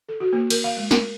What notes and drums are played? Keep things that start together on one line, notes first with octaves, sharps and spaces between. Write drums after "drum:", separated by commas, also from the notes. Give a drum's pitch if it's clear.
A4
F#4
A#3
A#4, drum: cymbal
F5
G#3
A#4, drum: snare